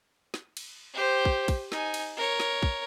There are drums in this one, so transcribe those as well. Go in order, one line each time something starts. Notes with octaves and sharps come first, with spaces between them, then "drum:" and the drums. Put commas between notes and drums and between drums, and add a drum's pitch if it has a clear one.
drum: snare
drum: cymbal
G4 C5
drum: kick
drum: kick, cymbal
D#4 G#5, drum: snare
drum: cymbal
A#4 C#5
drum: snare
drum: kick